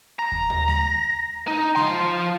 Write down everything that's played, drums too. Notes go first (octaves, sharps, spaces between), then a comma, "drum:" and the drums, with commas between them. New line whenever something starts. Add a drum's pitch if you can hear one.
A#5
drum: kick D#2
drum: tom D#2
drum: snare G#3
D#4
F3 C6, drum: snare G#3